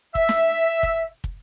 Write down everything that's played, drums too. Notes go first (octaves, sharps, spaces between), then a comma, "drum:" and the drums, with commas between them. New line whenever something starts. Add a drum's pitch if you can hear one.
E5, drum: kick
drum: snare
drum: kick
drum: kick